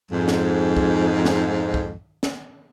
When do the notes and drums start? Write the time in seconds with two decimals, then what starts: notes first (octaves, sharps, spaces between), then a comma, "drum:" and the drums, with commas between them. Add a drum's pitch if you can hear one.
0.12 F2 G#2
0.28 drum: snare
0.77 drum: kick
1.25 drum: snare
1.74 drum: kick
2.23 drum: snare